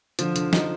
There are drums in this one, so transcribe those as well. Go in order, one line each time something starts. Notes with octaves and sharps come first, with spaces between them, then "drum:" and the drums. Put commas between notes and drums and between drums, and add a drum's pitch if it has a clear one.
D3 F3 F4, drum: hi-hat
D3, drum: hi-hat
D#4, drum: snare